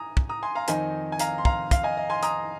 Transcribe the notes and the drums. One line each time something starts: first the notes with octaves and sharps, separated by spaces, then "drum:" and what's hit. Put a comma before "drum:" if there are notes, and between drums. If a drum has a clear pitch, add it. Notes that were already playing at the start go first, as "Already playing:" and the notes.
Already playing: G#5 A#5 D#6
drum: kick
A#5 D#6
G#5 C6
F5 A#5
F2 D#3 C4 D#4 D#5 G#5, drum: hi-hat
G#5
F5 A#5, drum: hi-hat
C6
F5 A#5, drum: kick
F5, drum: kick, hi-hat
D#5 G#5
D#5
G#5 C6
A#5 D#6, drum: hi-hat